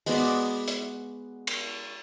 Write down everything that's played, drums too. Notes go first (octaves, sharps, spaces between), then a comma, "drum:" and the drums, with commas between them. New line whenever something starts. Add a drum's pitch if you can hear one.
G#3 B3 F#4 D5, drum: open hi-hat
drum: hi-hat
drum: cymbal